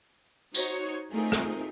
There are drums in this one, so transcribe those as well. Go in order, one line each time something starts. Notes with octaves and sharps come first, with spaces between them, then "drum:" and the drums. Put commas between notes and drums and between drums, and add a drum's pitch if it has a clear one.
D#4 F#4 C5 C#5, drum: tambourine
A3 C4 D#4 F4 G#4 A#4
drum: rim click